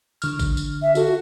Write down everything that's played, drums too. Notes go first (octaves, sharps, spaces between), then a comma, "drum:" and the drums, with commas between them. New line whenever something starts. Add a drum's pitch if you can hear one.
D3 F6, drum: tambourine
drum: kick G#1, tambourine
drum: tambourine
E5
F4 F#4 A4, drum: tambourine